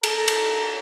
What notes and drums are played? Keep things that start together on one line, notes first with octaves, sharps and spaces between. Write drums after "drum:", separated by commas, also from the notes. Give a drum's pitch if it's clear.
A4 A#4, drum: cymbal
drum: cymbal